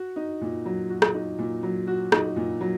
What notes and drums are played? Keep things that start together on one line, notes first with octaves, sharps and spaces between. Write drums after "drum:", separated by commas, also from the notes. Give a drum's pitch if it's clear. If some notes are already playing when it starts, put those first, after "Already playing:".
Already playing: F#4
D#4
A#2
F#3
F#4
drum: rim click
D#4
A#2
F#3
F#4
D#4, drum: rim click
A#2
F#3